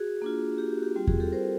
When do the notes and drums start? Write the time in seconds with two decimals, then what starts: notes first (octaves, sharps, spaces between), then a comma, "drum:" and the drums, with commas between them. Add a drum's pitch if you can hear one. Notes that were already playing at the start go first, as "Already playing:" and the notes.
Already playing: F#4 G#4
0.22 A#3 D4 F4
0.58 G4
0.71 G4
0.78 F#4
0.83 G4
0.96 G3 C4 F4 G4
1.07 F#4 G#4, drum: kick E2
1.20 G4 A4
1.32 A#4 C5